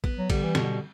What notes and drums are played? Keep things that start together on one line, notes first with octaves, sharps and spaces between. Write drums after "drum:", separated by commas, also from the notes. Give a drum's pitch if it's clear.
B3, drum: kick
F#3
D3 G3, drum: kick, cymbal
E3
B2 D3, drum: snare